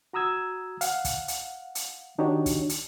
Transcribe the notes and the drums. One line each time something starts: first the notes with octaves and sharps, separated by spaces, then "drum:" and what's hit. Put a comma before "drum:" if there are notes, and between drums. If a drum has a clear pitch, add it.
F#4 A#5 D#6 E6 G#6
F5 F#5, drum: hi-hat
drum: kick, hi-hat
drum: hi-hat
drum: hi-hat
D#3 D4 D#4 F#4 G4 C#5
drum: kick, hi-hat
drum: hi-hat